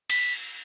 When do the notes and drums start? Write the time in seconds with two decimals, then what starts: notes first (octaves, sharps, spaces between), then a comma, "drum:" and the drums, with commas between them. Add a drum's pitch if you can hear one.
0.10 B6, drum: cymbal